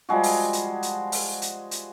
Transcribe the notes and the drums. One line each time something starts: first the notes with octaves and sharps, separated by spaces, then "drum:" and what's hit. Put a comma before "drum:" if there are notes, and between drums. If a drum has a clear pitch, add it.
F3 G3 G#3 F#4
drum: open hi-hat
drum: hi-hat
drum: hi-hat
drum: open hi-hat
drum: hi-hat
drum: hi-hat